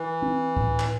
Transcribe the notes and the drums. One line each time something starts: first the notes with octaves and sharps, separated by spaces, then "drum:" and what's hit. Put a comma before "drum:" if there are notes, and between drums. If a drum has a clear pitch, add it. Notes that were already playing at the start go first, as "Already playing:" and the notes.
Already playing: E3
C4
A2, drum: kick C#2
drum: clap